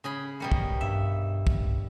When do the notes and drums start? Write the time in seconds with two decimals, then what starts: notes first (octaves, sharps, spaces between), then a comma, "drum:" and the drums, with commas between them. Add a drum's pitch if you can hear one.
0.04 C#3 G#4 B5
0.40 B2 G3 A#3 C#7
0.52 drum: kick
0.81 G2 E5
1.47 drum: kick